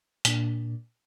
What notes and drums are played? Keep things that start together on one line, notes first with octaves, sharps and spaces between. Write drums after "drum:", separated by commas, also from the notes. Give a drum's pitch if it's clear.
A#2 D4, drum: hi-hat